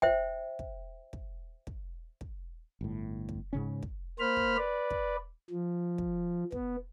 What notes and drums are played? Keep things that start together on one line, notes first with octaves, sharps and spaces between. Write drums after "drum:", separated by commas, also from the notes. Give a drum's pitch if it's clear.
C5 E5 G5, drum: kick
drum: kick
drum: kick
drum: kick
drum: kick
G1 A2
drum: kick
G#2 C#3 C#4
drum: kick
A#3 C5 B5 F6
drum: kick
B4 D5
drum: kick
F3
drum: kick
B3, drum: kick